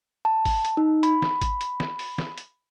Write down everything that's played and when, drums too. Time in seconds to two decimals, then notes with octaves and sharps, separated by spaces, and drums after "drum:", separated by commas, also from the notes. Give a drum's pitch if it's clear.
0.25 A5
0.45 drum: kick G#1, open hi-hat
0.65 drum: hi-hat
0.77 D#4
1.03 B5, drum: hi-hat
1.22 drum: snare
1.41 drum: kick G#1, hi-hat
1.61 drum: hi-hat
1.80 drum: snare
1.99 drum: open hi-hat
2.18 drum: snare
2.38 drum: hi-hat